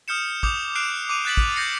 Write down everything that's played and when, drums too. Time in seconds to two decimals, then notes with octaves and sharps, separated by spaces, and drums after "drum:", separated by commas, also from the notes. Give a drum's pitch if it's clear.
0.08 D#6 F6 G6 C#7 E7
0.43 D6 D#6 G6 F7, drum: kick
0.75 F6 F#6 C7 D7 E7 F7
1.09 D6 D#7 F7
1.25 F#6 G6 A6 B6 D7 F#7
1.37 drum: kick
1.56 G6 A6 A#6 C7 C#7